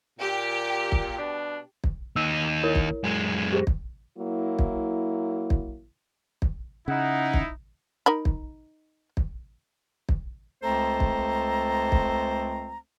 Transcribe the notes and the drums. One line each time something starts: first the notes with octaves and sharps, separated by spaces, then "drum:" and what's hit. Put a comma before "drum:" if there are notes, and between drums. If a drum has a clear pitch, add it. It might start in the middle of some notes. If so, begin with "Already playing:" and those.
A#2 G4
drum: kick
B2 D4
drum: kick
D#2 D#4 E6
E4 A#4 C#5
drum: kick
F#2 G#3 G#5
G4 G#4 C5
drum: kick
F#3 A#3 E4
drum: kick
drum: kick
drum: kick
C#3 D#4 E4 F#5
drum: kick
D#4 A#4 B5
drum: kick
drum: kick
drum: kick
C#2 A3 C4 A4 C5 A#5
drum: kick
drum: kick